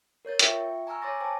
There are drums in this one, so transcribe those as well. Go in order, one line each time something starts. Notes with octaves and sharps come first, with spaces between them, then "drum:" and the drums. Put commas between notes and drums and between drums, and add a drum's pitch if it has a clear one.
A#4 C#5 G6 A6
F4 E5 G5 C#6, drum: hi-hat
G#5 A#5 C#6 E6 F6
C#5 G#5 C6 D6 A6 A#6
C5 G5 A5 D6